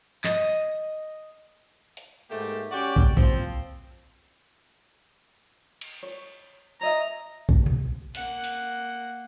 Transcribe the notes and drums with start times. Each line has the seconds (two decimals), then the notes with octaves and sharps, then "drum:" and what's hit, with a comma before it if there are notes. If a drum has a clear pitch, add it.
0.24 D#5, drum: clap
1.97 drum: hi-hat
2.30 G#2 A3 A#3 G4
2.72 C#4 F#4 G4 D5
2.96 drum: kick
3.17 F3 C4, drum: kick
5.81 drum: cymbal
6.03 C#5
6.81 C#5 D#5 E5 A#5
7.49 drum: kick
7.66 drum: tom A#2
8.15 A#3 F#5, drum: open hi-hat
8.44 drum: open hi-hat